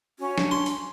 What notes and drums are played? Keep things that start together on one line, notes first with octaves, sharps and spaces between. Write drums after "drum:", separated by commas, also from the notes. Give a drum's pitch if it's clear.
C#4 F#4
D4, drum: snare
C6
drum: open hi-hat